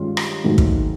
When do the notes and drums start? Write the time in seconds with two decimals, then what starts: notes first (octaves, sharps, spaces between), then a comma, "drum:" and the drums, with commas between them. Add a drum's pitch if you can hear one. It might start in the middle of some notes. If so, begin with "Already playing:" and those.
Already playing: G2 D#3 G#3 C#4 F4
0.17 drum: rim click
0.44 G#2 D#3 F#3 A3
0.58 drum: kick